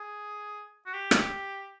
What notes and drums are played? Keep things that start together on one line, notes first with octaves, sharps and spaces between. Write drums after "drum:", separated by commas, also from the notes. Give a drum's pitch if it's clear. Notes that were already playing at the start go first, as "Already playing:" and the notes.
Already playing: G#4
F#4
G4
drum: rim click